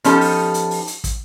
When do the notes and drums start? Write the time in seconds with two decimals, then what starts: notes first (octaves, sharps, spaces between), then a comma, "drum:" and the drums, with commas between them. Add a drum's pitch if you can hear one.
0.04 F3 B3 C#4 D#4 G4 A4, drum: hi-hat
0.21 drum: open hi-hat
0.54 drum: hi-hat
0.71 drum: open hi-hat
0.87 drum: hi-hat
1.04 drum: kick, hi-hat